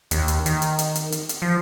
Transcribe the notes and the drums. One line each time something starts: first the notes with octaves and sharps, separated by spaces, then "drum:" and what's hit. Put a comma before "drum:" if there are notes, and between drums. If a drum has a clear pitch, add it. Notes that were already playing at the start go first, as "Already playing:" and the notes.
D#2, drum: hi-hat
drum: hi-hat
D#3, drum: hi-hat
drum: hi-hat
drum: hi-hat
drum: hi-hat
drum: hi-hat
drum: hi-hat
F3